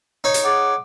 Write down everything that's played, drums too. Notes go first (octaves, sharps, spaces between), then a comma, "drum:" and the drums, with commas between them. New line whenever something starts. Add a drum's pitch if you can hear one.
D#4 C#5
drum: hi-hat
G#4 F#5 D6